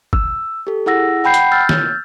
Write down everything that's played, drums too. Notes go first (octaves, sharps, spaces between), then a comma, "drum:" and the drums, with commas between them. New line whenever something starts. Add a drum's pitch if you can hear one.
E6, drum: kick G1
G4 A4
E4 G#4 F#5 E6 A#6
F#5 G5 B5 G6 C7
drum: hi-hat
E6 F6 G6 A6
drum: snare